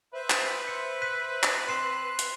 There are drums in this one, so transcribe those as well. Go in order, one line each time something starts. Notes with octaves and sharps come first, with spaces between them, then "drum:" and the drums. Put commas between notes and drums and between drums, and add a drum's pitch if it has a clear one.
B4 C5 E5
drum: clap
C#7
F#6 B6 D#7
drum: clap
C4 C6 F#6 C7 E7
drum: hi-hat